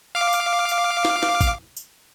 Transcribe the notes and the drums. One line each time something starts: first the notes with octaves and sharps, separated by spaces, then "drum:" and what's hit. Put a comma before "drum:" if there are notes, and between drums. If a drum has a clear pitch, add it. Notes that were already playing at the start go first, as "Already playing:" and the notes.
F5 D6
drum: tambourine
drum: tambourine
drum: snare
drum: snare
drum: kick A1, tambourine
drum: tambourine